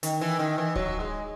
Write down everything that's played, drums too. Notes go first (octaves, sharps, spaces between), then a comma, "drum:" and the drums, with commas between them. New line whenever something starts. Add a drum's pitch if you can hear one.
D#3, drum: hi-hat
E3
D#3
E3
F#3, drum: kick D1
G#3